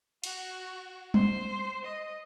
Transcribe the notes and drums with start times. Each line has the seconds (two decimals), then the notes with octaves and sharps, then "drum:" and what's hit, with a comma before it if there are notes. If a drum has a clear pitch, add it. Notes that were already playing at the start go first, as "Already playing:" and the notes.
0.24 F#4, drum: cymbal
1.14 C5, drum: tom
1.85 D#5